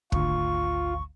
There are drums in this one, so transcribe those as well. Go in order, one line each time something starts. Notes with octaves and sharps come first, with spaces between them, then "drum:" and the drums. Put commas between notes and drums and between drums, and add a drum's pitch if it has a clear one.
G#1 D2 F4 C#6, drum: kick